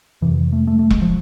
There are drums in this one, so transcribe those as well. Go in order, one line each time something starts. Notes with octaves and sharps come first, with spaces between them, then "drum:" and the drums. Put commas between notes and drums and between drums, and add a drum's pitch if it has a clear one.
F2 C3 E3
A3
A3
A3
G#3, drum: kick E1
F3